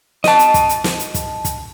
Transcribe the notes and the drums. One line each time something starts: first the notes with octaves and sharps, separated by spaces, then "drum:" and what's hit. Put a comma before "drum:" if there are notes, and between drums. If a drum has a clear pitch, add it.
D#5 A5, drum: snare
drum: hi-hat
drum: kick, hi-hat
drum: hi-hat
drum: snare
drum: hi-hat
drum: kick, hi-hat
drum: kick, hi-hat